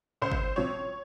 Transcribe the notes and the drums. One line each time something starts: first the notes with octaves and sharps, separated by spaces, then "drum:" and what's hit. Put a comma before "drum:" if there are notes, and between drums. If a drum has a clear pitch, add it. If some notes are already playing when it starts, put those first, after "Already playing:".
C#2 C5
drum: kick
C3 F3 C#5